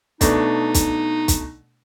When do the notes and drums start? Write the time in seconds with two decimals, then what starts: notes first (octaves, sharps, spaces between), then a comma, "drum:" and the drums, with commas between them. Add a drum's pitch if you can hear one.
0.21 B2 A3 D4 D#4, drum: kick, hi-hat
0.74 drum: kick, hi-hat
1.28 drum: kick, hi-hat